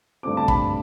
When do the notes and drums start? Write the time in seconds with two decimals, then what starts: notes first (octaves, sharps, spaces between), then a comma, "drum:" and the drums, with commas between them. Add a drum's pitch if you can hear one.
0.23 G2 D3 A3 C4 D6
0.37 A5
0.48 B5, drum: kick